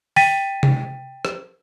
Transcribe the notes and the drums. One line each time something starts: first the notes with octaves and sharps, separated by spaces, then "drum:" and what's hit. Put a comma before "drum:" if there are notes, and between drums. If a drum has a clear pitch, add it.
G5 A6 B6 D#7, drum: open hi-hat
drum: tom C3
drum: rim click